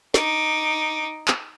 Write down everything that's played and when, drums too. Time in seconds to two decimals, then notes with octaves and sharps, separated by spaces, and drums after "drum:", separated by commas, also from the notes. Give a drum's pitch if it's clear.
0.14 D#4 D6, drum: snare
1.28 drum: clap